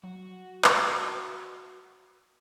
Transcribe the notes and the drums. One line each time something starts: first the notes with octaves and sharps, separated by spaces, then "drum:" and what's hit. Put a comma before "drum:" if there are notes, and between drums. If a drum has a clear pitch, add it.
F#3 F#4
drum: clap